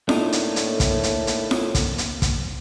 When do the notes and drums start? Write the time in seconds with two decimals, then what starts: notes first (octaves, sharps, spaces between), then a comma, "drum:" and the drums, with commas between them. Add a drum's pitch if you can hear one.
0.09 A2 A#3 D4 D#4, drum: snare F4
0.32 drum: hi-hat
0.56 drum: hi-hat
0.80 drum: kick, hi-hat
1.04 drum: hi-hat
1.27 drum: hi-hat
1.51 drum: snare F4
1.75 drum: kick, hi-hat
1.98 drum: hi-hat
2.22 drum: kick, hi-hat